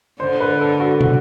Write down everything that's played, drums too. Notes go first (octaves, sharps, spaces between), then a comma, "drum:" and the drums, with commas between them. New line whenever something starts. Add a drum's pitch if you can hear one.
D3 C5
B4
A4
F#4
drum: tom